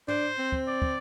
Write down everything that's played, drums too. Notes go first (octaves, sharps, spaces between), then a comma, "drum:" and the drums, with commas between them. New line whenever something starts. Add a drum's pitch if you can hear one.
D4 C5, drum: tom
C4
drum: kick
D5
drum: kick